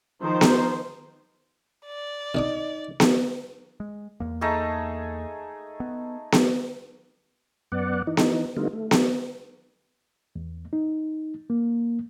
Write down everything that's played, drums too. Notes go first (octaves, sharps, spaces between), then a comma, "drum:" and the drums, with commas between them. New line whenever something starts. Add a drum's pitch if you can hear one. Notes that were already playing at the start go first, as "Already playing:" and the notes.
D#3 F3 C5
drum: snare B3
D5
B1 D4 D#4 D6
drum: snare B3
G#3
E2 A#3
A3 D#4 G#4
B3
drum: snare B3
F#2 B3 D5 F#5
E3 D#4
drum: snare B3
D3 G3 A3 B3 D#4 F4
A3
drum: snare B3
E2
D#4
A#3